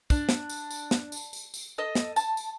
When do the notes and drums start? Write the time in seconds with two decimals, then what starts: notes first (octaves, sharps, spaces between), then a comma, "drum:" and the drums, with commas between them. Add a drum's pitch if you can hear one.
0.10 D4, drum: kick, tambourine
0.29 drum: snare
0.49 drum: tambourine
0.70 drum: tambourine
0.91 drum: snare
1.12 drum: tambourine
1.33 drum: tambourine
1.54 drum: tambourine
1.78 A4 D#5
1.95 drum: snare
2.16 A5, drum: tambourine
2.37 drum: tambourine